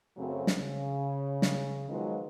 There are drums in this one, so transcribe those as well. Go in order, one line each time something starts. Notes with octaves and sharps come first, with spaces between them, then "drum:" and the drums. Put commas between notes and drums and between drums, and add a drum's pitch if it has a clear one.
F#2 C#3 F#3 A3 C4
drum: snare
C#3
drum: snare
D#3 F3 F#3 G#3 B3 F4